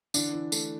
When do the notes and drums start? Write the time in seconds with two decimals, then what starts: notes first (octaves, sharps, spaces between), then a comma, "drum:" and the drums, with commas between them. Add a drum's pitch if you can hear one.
0.14 D3 E3 D4, drum: tambourine
0.33 E3
0.52 A3, drum: tambourine